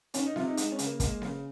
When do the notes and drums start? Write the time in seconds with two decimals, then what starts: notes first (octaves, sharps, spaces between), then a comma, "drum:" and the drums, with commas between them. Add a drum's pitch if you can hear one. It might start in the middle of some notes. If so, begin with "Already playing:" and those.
0.14 D#3 C#4, drum: hi-hat
0.25 D#4
0.36 C3 F4, drum: snare B3
0.47 D#4
0.57 G#3 D#4, drum: hi-hat
0.72 C#4
0.79 C#3, drum: hi-hat
0.86 A#3
1.00 G#3 A#3, drum: kick, hi-hat
1.22 C#3, drum: snare B3